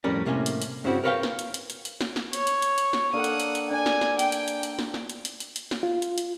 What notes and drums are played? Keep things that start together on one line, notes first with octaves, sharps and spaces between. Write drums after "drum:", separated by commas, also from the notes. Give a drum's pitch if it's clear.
F2 A2 G3 C#4 A#4 D5
A2 C3 A#3 C#4 C#5 G#5
drum: hi-hat
drum: hi-hat
G2 C#3 G3 C4 E4 F#4
A#4 B4 C#5 D5 F5 G5
drum: snare
drum: hi-hat
drum: hi-hat
drum: hi-hat
drum: hi-hat
drum: snare
drum: snare
C#5, drum: hi-hat
drum: hi-hat
drum: hi-hat
drum: hi-hat
drum: snare
A#3 D4 A4 F#5 D#6
drum: hi-hat
drum: hi-hat
drum: hi-hat
D4 G#5
drum: snare
drum: snare
G5, drum: hi-hat
drum: hi-hat
drum: hi-hat
drum: hi-hat
drum: snare
drum: snare
drum: hi-hat
drum: hi-hat
drum: hi-hat
drum: hi-hat
drum: snare
F4
drum: hi-hat
drum: hi-hat